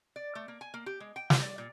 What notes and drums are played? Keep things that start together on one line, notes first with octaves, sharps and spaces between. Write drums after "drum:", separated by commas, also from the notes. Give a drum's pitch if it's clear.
D5
A3
A#3
G#5
A#3
G4
G#3
G5
G4, drum: snare
D5
A#2